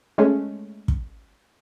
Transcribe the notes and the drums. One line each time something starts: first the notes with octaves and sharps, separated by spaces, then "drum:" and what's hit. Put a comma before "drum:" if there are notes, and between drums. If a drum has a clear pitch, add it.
G#3 A3 C#4
drum: kick